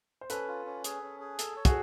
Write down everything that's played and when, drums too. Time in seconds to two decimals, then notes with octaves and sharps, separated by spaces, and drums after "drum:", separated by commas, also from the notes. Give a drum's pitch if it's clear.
0.21 C5
0.30 C#4 A4 B4, drum: hi-hat
0.48 F4
0.66 C#4
0.84 G#4, drum: hi-hat
1.02 C#4
1.20 G#4
1.39 A4, drum: hi-hat
1.56 C#5
1.65 F#4 G#4, drum: kick, hi-hat